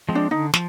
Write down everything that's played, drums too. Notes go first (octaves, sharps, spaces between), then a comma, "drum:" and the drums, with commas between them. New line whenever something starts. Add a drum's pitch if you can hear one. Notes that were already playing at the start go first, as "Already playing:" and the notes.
F3 G#3 C4
D4
D3 D#4
F3, drum: snare